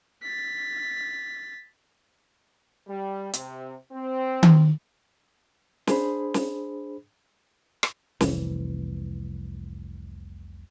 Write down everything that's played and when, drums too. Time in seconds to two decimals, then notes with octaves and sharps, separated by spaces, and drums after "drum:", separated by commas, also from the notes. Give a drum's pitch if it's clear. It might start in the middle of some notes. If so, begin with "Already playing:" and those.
0.22 A6 B6
2.88 G3
3.33 C3, drum: hi-hat
3.91 C4
4.43 drum: tom D#3
5.87 D4 G#4 C5 B5, drum: snare
6.34 drum: snare
7.83 drum: rim click
8.21 F1 C2 E3, drum: snare